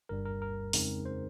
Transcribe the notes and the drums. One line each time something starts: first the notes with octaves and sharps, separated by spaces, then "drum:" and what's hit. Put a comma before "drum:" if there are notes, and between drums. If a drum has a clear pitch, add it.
G1 G2 G3 A#4
A#4
A#4
F2 C#3 G#3 C4 D#4, drum: open hi-hat
C5